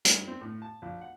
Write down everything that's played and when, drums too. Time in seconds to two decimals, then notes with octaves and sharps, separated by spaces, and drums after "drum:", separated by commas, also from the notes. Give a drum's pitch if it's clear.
0.05 G2, drum: hi-hat
0.28 C4
0.41 A2
0.62 A5
0.82 A#1
1.01 F#5